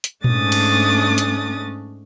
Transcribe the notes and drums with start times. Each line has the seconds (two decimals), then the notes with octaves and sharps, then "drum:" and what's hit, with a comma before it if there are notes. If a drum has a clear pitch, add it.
0.04 drum: hi-hat
0.24 G#2 A3 C#4 D4 D#6 A6, drum: tom A#2
0.52 drum: cymbal
1.18 drum: hi-hat